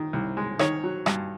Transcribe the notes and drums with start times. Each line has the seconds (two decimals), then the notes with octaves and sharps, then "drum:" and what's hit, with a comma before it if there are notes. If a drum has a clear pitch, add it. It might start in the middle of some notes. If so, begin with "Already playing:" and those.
Already playing: D#3
0.13 C2
0.37 G#3
0.59 D#3 C#5, drum: rim click
0.84 F#3
1.06 G2, drum: rim click